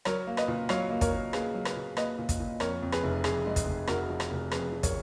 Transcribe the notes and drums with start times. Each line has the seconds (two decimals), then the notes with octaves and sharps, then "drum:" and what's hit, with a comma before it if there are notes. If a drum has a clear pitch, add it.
0.05 F#3 A#4 C#5, drum: rim click
0.27 A#3
0.37 B4 D#5, drum: rim click
0.48 A#2
0.69 F#3 C#5 F5, drum: rim click
0.90 A#3
1.01 A#4 C#5, drum: kick, hi-hat
1.11 A#2
1.33 A#3 G#4 B4, drum: rim click
1.55 F#3
1.65 G#4 B4, drum: rim click
1.76 A#2
1.97 A#3 B4 D#5, drum: rim click
2.18 A#2
2.29 drum: kick, hi-hat
2.40 A#2
2.60 F2 A#4 C#5, drum: rim click
2.82 F2
2.92 G#4 B4, drum: rim click
3.03 F1
3.24 F2 G#4, drum: rim click
3.46 G#3
3.56 drum: kick, hi-hat
3.67 F1
3.87 F1 F#4 A#4, drum: rim click
4.09 F3
4.20 drum: rim click
4.31 F1
4.51 F2 G#4 B4, drum: rim click
4.72 F3
4.83 A#4 C#5, drum: kick, hi-hat